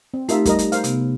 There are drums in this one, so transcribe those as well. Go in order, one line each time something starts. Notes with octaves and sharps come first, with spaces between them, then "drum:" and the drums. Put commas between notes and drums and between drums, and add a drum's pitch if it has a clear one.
C4
A3 D#4 F4 G4 A#4 E5, drum: hi-hat
G3 A#4 D#5, drum: kick, hi-hat
drum: hi-hat
A#4 C5 F5 F6, drum: hi-hat
C3 B3, drum: hi-hat